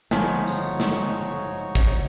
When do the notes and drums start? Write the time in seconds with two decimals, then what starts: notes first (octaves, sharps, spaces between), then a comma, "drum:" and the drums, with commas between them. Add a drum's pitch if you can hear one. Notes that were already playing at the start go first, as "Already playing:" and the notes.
0.11 G1 F3 D#4 F#4 C#5 G#5 B6, drum: snare
0.47 drum: tambourine
0.80 drum: snare
1.75 drum: kick